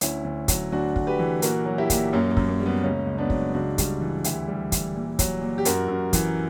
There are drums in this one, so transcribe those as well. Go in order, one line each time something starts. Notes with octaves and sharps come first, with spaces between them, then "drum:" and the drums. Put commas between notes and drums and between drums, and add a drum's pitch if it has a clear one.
D2 C#4 E4, drum: hi-hat
D2
F#3, drum: kick, hi-hat
D2 D4 F#4
D2, drum: kick
G4 B4
E3
A#2 F#4 A#4, drum: hi-hat
F#3
E4 G4
A#2, drum: kick, hi-hat
F#2 A#3 C#4
A#3
F#2, drum: kick
A#3
G3
B3
C#2 A#3 C#4
C#2
B3 D4
F#3, drum: kick
C#2 D4 F#4
G3, drum: kick, hi-hat
E3
D2 E4 G4, drum: hi-hat
G3
E3, drum: kick, hi-hat
A#2
F#3, drum: kick, hi-hat
A#2
G4
F#2 F#4 A#4, drum: hi-hat
F#2
E3, drum: kick, hi-hat